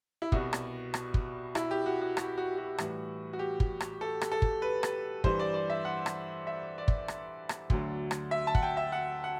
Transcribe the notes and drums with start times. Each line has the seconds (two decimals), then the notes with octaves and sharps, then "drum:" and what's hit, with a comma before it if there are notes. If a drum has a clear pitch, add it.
0.22 E4
0.32 C2 B2 G3 F#4, drum: kick
0.53 drum: rim click
0.94 drum: rim click
1.14 drum: kick
1.55 E4, drum: rim click
1.71 G4
1.86 F#4
2.01 F#4
2.17 F#4, drum: rim click
2.38 F#4
2.58 F#4
2.78 A2 E3 G3, drum: rim click
3.33 F#4
3.39 G4
3.60 drum: kick
3.80 drum: rim click
4.01 A4
4.21 drum: rim click
4.32 A4
4.42 drum: kick
4.62 B4
4.83 drum: rim click
5.24 G2 E3 G3 C5, drum: kick
5.39 D5
5.54 D5
5.70 E5
5.85 F#5
6.06 drum: rim click
6.47 E5
6.78 D5
6.88 drum: kick
7.08 drum: rim click
7.49 drum: rim click
7.70 D2 D3 F#3, drum: kick
8.11 drum: rim click
8.31 E5
8.47 A5
8.55 F#5, drum: kick
8.63 G5
8.77 E5
8.92 F#5
9.24 F#5